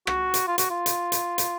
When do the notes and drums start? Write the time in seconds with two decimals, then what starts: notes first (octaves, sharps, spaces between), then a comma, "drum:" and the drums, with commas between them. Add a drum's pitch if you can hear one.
0.07 F#4, drum: rim click
0.34 drum: hi-hat
0.47 F4
0.58 F#4, drum: hi-hat
0.70 F4
0.86 drum: hi-hat
1.12 drum: hi-hat
1.38 drum: hi-hat